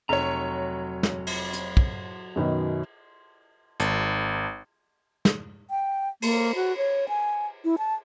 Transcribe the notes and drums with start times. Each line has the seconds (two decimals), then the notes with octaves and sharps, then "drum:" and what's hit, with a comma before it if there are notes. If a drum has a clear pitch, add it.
0.09 F1 F#3 C#5 A#5
1.03 drum: snare
1.27 drum: cymbal
1.53 drum: hi-hat
1.77 drum: kick
2.36 F#2 B2 D#3
3.80 G#1, drum: hi-hat
5.25 drum: snare
5.70 G5
6.22 A#3, drum: cymbal
6.55 F#4
6.77 C#5
7.09 G#5
7.65 E4
7.78 A5